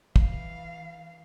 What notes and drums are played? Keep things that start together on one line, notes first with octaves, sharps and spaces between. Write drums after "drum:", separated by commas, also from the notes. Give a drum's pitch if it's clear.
E3 F5, drum: kick